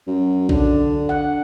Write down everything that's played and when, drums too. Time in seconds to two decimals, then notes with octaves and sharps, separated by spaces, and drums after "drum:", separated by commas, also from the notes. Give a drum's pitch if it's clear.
0.07 F#2
0.49 D3 D4, drum: kick A#1
1.09 F#5